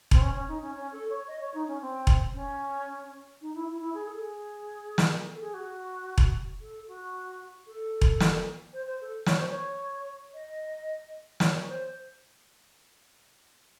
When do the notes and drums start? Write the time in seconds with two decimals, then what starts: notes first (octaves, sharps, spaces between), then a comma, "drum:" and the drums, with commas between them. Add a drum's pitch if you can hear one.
0.11 C4, drum: kick E1
0.20 C#4
0.33 C#4
0.47 D#4
0.61 C#4
0.74 C#4
0.91 A4
1.09 C#5
1.27 D#5
1.40 C#5
1.53 D#4
1.67 C#4
1.81 C4
2.07 drum: kick E1
2.34 C#4
3.41 D#4
3.54 E4
3.67 E4
3.80 E4
3.94 G#4
4.07 A4
4.18 G#4
4.98 drum: snare
5.27 A4
5.40 G#4
5.53 F#4
6.18 drum: kick E1
6.61 A4
6.87 F#4
7.66 A4
8.01 drum: kick E1
8.20 drum: snare
8.73 C5
8.86 C5
9.01 A4
9.26 C#5, drum: snare
9.38 C5
9.50 C#5
10.34 D#5
11.40 C#5, drum: snare
11.67 C5